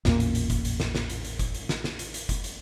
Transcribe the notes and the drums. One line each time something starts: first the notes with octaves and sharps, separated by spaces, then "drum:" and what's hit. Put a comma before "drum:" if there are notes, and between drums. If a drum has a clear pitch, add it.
A1 E2 A#2 A#3, drum: snare
drum: hi-hat
drum: hi-hat
drum: kick F#1, hi-hat
drum: hi-hat
drum: snare
drum: snare
drum: hi-hat
drum: hi-hat
drum: kick F#1, hi-hat
drum: hi-hat
drum: snare
drum: snare
drum: hi-hat
drum: hi-hat
drum: kick F#1, hi-hat
drum: hi-hat